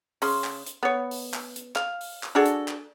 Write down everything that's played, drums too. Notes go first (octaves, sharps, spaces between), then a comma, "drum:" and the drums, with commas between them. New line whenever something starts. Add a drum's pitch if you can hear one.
C#3 C6, drum: open hi-hat
drum: clap
drum: hi-hat
B3 C#5
drum: open hi-hat
drum: clap
drum: hi-hat
F5, drum: clap
drum: open hi-hat
drum: clap
D4 F#4 G#4 A4
drum: hi-hat
drum: clap